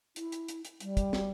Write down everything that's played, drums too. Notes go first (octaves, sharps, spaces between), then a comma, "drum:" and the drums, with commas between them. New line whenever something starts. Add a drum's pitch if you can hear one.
E4, drum: hi-hat
drum: hi-hat
drum: hi-hat
drum: hi-hat
G3, drum: hi-hat
drum: kick, hi-hat
drum: snare